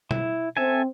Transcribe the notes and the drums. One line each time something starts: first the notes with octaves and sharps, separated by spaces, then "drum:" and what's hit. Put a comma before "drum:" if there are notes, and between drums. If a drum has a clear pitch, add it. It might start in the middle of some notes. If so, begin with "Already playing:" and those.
E4, drum: tom B2
C4 A4 E5 G#5